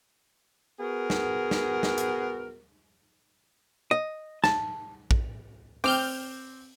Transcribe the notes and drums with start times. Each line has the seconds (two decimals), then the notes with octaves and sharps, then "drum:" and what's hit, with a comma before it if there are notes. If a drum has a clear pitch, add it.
0.80 B3 F#4 G#4 A#4
1.10 drum: snare
1.51 drum: snare
1.83 drum: snare
1.98 drum: hi-hat
3.91 D#5
4.44 A5, drum: snare
5.11 drum: kick
5.84 C4 G5 D6 F6 G6, drum: open hi-hat